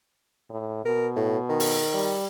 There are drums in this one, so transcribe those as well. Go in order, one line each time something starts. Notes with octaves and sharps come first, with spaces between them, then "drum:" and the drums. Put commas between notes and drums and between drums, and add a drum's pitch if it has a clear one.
A2
B2 A#4
A2
D#3
drum: open hi-hat
G3